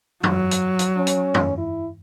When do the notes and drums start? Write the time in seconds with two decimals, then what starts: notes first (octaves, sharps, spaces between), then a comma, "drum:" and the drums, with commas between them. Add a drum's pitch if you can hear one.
0.23 F#3, drum: tom
0.51 drum: hi-hat
0.79 drum: hi-hat
0.97 C#4
1.07 drum: hi-hat
1.34 drum: tom
1.58 E4